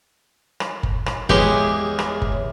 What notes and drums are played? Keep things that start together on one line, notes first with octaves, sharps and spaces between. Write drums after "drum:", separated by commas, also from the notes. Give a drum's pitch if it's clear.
drum: rim click
drum: kick G1
drum: rim click
E2 E3 G#3 G4 C#5, drum: kick G1
drum: rim click
drum: kick G1